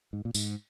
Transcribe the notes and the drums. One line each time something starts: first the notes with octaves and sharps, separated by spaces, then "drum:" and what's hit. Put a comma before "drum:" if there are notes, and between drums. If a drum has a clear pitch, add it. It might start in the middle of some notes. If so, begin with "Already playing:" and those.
G#2
A#2
G#2, drum: tambourine